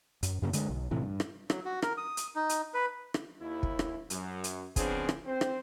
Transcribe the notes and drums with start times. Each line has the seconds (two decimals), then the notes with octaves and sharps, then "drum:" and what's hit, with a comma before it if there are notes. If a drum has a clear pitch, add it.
0.23 F#2, drum: hi-hat
0.42 F#2 C#3 F3 A#3
0.53 D3 G#3, drum: hi-hat
0.69 B1
0.91 A2 C3 E3
1.03 G2
1.20 drum: rim click
1.50 F#3, drum: rim click
1.65 F#4
1.82 A#4, drum: rim click
1.97 D#6
2.17 drum: hi-hat
2.35 D#4
2.49 drum: hi-hat
2.74 B4
3.14 drum: rim click
3.40 D#2 E4
3.63 drum: kick
3.79 drum: rim click
4.10 F#2, drum: hi-hat
4.44 drum: hi-hat
4.76 C#3 F3 B3 C4 D4 G#4, drum: kick, hi-hat
5.09 drum: rim click
5.26 C4 C5
5.41 drum: rim click